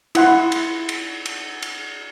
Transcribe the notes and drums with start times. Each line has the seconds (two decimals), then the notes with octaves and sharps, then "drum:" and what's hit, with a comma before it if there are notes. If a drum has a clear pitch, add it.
0.15 E4 F#5 C6, drum: cymbal
0.52 drum: cymbal
0.89 drum: cymbal
1.26 drum: cymbal
1.62 drum: cymbal